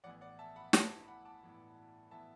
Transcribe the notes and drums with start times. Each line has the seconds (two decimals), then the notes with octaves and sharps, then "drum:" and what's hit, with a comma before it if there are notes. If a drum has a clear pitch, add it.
0.04 A1 A2 E3 B3 D5 F#5
0.21 D5 F#5
0.39 E5 A5
0.56 F#5 B5
0.73 A1 A2 E3 B3 A5 D6, drum: snare
1.08 F#5 B5
1.25 A5 D6
1.43 A1 A2 E3 B3
2.11 A2 E3 B3 E5 A5